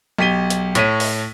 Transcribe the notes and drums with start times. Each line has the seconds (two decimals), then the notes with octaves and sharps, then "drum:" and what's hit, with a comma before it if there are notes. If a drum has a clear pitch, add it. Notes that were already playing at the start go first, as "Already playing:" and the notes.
0.19 B1 G4 B6 D#7 G7
0.50 drum: hi-hat
0.75 A2 C#5 B6 D#7, drum: hi-hat
1.00 drum: open hi-hat